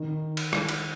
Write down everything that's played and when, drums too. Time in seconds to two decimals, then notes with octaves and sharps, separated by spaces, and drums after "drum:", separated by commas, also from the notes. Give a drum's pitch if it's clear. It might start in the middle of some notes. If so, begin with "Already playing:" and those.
Already playing: D#3
0.37 drum: cymbal
0.53 drum: rim click
0.69 drum: cymbal